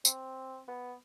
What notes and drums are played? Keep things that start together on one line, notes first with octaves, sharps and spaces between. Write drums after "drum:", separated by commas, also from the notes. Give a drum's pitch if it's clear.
C4, drum: tambourine
B3